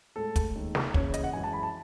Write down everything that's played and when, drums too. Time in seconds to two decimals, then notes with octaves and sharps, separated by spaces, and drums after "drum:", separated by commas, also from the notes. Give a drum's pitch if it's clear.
0.16 A2 G#3 A4
0.36 drum: kick, hi-hat
0.56 D#2 D#3 G#3
0.75 drum: snare
0.94 D#2 C#3 E3 C#5, drum: kick
1.14 D#5, drum: hi-hat
1.24 F#5
1.33 F#2 E3 G#3 G#5
1.44 A5
1.53 B5
1.63 A5